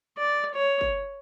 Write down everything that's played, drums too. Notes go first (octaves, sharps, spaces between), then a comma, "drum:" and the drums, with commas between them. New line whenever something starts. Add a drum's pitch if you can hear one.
D5
C#5
drum: kick